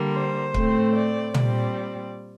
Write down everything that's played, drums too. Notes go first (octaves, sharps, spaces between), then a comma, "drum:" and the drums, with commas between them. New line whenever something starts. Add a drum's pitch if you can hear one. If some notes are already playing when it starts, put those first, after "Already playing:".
Already playing: D3 G3 A#3
C5
A2 A3 C4, drum: kick
D5
A#2 G3 C4 D5, drum: tom